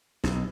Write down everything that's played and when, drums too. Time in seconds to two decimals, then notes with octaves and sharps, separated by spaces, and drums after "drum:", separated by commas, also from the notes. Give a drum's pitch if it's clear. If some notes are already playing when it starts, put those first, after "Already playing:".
0.24 B1, drum: snare